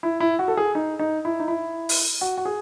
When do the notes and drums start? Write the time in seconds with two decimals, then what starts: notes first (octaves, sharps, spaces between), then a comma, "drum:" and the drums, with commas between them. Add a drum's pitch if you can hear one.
0.03 E4
0.20 E4
0.39 F#4
0.48 A4
0.57 G#4
0.75 D#4
0.99 D#4
1.25 E4
1.40 D#4
1.48 E4
1.89 drum: open hi-hat
2.21 F#4
2.38 F#4
2.45 G#4